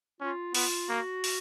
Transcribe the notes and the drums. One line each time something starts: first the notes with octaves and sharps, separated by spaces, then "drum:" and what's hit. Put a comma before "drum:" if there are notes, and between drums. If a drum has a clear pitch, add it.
C#4 F4
B3 F4, drum: open hi-hat
A#3 F#4
drum: open hi-hat